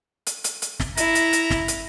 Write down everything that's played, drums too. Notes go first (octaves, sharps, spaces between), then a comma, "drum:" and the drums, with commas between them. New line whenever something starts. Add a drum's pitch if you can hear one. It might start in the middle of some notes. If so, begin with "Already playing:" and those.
drum: hi-hat
drum: hi-hat
drum: hi-hat
drum: snare
E4 A#5, drum: hi-hat
drum: hi-hat
drum: hi-hat
drum: snare
drum: hi-hat